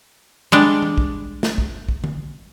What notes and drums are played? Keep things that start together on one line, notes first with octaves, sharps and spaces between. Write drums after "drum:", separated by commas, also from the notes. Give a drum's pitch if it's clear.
G3 G#3 D4
drum: tom E3
drum: kick
drum: snare
drum: kick
drum: kick
drum: tom D3